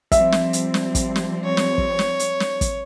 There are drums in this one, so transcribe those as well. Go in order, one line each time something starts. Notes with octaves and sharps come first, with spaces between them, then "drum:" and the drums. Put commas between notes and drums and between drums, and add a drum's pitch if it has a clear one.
F3 G3 C4 E5, drum: kick, hi-hat
drum: snare
drum: hi-hat
drum: snare
drum: kick, hi-hat
drum: snare
C#5
drum: snare
drum: kick
drum: snare
drum: hi-hat
drum: snare
drum: kick, hi-hat